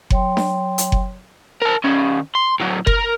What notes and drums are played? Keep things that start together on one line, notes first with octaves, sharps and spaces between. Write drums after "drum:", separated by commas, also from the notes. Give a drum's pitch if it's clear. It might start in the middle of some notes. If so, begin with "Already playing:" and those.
F#3 C#5 G5 C6, drum: kick F#1
drum: snare D4
drum: hi-hat
drum: kick F#1
A#4 A5
D#3 C#4
C6
A2 F#3
A#4, drum: kick F#1